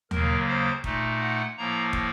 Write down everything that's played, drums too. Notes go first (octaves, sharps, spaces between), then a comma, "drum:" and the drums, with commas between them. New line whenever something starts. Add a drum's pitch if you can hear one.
D#2 C#3 F#3 A#3 A#4, drum: tom D#2
C5
A#2 A3 D#4, drum: kick
F#5
A2 F3 A#3 A#5
drum: kick